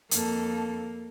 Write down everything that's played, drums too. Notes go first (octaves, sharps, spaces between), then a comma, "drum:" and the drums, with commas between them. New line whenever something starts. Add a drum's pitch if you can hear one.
F2 A#3 A4, drum: hi-hat